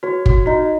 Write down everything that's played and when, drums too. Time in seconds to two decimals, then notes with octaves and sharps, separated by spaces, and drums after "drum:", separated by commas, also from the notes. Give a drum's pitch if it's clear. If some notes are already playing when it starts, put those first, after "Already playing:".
0.03 F#4 C#5
0.26 F#4, drum: kick G1
0.46 D#4 F#4